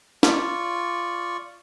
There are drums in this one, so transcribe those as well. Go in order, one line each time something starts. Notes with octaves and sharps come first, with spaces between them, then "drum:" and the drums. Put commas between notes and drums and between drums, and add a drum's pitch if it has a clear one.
F4 D5 C#6, drum: snare